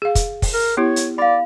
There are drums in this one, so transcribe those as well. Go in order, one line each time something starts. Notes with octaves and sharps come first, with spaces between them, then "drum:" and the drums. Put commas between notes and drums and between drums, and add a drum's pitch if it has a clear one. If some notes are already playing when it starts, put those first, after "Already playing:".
G#4 F5
drum: kick, hi-hat
drum: kick, open hi-hat
A#4
B3 E4 G4 C#5
drum: hi-hat
D5 F5 B5